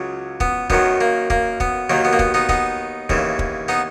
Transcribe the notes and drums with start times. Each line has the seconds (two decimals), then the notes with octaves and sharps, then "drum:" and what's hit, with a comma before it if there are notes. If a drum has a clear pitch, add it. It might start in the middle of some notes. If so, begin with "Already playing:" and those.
Already playing: C#2 C#3 F#3
0.40 B3, drum: kick
0.70 F#2 D#3 F#3 B3, drum: kick
1.01 A#3
1.30 A#3, drum: kick
1.60 B3, drum: kick
1.90 D#2 D#3 F#3 A#3
2.05 B3
2.13 A#3
2.19 B3, drum: kick
2.34 B3 D#4
2.49 B3 D#4, drum: kick
3.09 D#2 C#3 E3, drum: kick
3.39 drum: kick
3.68 B3 D#4